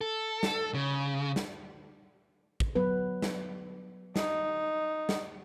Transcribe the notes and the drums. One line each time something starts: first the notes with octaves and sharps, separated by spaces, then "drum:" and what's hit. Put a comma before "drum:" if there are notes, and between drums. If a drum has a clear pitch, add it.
A4
drum: snare
C#3
drum: snare
drum: kick
F#3 B3 B4
drum: snare
D#4, drum: snare
drum: snare